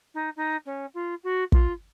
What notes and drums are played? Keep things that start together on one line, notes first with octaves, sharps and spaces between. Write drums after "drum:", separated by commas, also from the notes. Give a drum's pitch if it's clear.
D#4
D#4
C#4
F4
F#4
F4, drum: kick